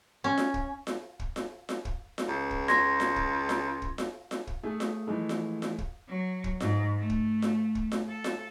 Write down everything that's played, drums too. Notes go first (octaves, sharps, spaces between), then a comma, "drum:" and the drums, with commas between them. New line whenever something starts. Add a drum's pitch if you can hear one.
C#4
drum: snare F4
drum: kick
drum: snare F4
drum: kick
drum: snare F4
drum: snare F4
drum: kick
drum: snare F4
C#2
drum: kick
C6 G#6 A#6, drum: snare F4
drum: snare F4
drum: kick
drum: snare F4
drum: kick
drum: snare F4
drum: snare F4
drum: kick
A3 G#4 E5
drum: snare F4
E3 F3 G#3 A3
drum: snare F4
drum: snare F4
drum: kick
F#3
drum: kick
G#2, drum: snare F4
A3
drum: kick
drum: snare F4
drum: kick
drum: snare F4
A4
drum: snare F4